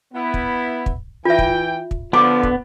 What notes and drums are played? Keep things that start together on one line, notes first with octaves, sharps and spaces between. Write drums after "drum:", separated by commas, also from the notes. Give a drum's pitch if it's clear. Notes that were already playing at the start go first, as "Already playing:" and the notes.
B3 E4
drum: kick
drum: kick
E3 F4 E5 G5
drum: kick
drum: kick
D3 F3 B3 D6
drum: kick